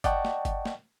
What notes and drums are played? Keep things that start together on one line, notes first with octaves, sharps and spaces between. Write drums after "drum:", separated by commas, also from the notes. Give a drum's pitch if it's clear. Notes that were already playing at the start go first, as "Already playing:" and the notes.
D5 D#5 F#5 G5 A5 C#6, drum: kick G1, hi-hat
drum: snare
drum: kick G1, hi-hat
drum: snare